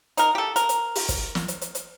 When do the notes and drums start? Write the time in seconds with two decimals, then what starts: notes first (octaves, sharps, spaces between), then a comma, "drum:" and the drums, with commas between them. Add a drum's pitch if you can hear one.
0.17 D#4 A#4, drum: hi-hat
0.35 G4 A4
0.56 A#4, drum: hi-hat
0.69 drum: hi-hat
0.95 drum: open hi-hat
1.09 drum: kick, hi-hat
1.35 drum: snare
1.48 drum: hi-hat
1.62 drum: hi-hat
1.75 drum: hi-hat